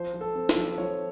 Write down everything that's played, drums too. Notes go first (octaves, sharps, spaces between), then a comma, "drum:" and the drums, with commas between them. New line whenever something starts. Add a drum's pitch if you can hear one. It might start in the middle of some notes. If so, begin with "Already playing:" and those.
Already playing: F3 C5
F3
A4
C4
C5, drum: snare
F3
F3 C#5